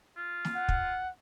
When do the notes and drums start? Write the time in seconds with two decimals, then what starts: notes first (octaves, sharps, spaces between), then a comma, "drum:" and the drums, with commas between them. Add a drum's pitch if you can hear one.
0.17 F4
0.45 drum: snare
0.55 F#5
0.69 drum: kick